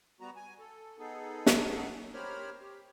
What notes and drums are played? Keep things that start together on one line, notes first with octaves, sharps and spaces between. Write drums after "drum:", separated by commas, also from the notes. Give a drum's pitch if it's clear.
G3 B3 F#4 A#5
G#5
A4
B3 D#4 G#4 A4
drum: snare
G4 A#4 C5 C#5 B5 F6
G4